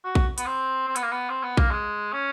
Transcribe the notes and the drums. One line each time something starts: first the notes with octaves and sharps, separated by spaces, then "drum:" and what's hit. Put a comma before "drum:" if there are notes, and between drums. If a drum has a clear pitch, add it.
F#4
drum: kick A#1
B3, drum: hi-hat
C4
C4
B3, drum: hi-hat
A#3
B3
C4
B3
A#3, drum: kick A#1
G#3
C#4